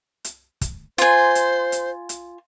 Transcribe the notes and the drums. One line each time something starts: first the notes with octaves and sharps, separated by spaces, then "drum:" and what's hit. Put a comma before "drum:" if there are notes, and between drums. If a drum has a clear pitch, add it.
drum: hi-hat
drum: kick, hi-hat
F4 C5 G#5, drum: hi-hat
drum: hi-hat
drum: hi-hat
drum: hi-hat